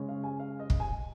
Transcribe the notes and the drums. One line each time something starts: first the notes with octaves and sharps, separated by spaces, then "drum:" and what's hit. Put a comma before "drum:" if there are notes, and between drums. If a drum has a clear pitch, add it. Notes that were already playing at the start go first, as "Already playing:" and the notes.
Already playing: C#3 G#3 C#4
F5
G#5
F5
D#5
drum: kick
G#5